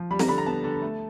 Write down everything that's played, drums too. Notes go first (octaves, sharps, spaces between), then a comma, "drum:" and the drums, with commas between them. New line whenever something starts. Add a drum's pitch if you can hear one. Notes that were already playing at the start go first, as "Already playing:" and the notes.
Already playing: F3
G3 B5
A#5, drum: snare
D3 B5
A#5
B3 A5
D3
A3